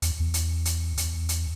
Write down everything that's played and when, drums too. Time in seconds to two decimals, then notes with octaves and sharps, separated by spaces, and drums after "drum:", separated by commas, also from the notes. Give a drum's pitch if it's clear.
0.02 E2, drum: hi-hat
0.20 E2
0.34 drum: hi-hat
0.65 drum: hi-hat
0.97 E2, drum: hi-hat
1.29 drum: hi-hat